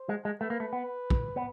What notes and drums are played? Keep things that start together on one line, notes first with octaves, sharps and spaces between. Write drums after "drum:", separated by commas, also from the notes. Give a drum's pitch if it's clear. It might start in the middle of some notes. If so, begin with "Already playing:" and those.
Already playing: C5
G#3
G#3
A3 B4
A#3
A3
B3
drum: kick
B3